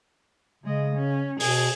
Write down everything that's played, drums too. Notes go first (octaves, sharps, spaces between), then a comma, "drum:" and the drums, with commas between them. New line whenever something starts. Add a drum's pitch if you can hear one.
C#3 G#3 D#5
C#4
B2 G#4, drum: open hi-hat